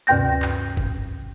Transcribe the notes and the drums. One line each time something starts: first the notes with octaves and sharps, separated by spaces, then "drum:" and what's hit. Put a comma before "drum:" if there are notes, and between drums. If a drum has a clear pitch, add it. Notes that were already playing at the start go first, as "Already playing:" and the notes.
D2 G2 C3 G5 G6 A#6
drum: clap
drum: kick